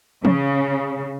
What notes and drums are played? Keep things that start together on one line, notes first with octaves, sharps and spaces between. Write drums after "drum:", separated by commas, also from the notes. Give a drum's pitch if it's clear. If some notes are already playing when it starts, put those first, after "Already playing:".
C#3, drum: tom E3